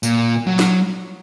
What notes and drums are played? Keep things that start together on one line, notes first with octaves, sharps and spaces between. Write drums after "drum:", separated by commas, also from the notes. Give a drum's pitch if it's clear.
A#2, drum: tambourine
F#3
drum: snare